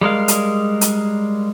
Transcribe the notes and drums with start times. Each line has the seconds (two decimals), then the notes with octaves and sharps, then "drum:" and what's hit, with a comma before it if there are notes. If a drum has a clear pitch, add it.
0.01 G3 G#3 A#4 F5
0.28 drum: hi-hat
0.81 drum: hi-hat